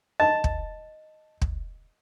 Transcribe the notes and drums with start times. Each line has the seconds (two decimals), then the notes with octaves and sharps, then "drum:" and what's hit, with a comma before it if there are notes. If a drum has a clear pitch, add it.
0.20 D#5 A5
0.44 drum: kick
1.42 drum: kick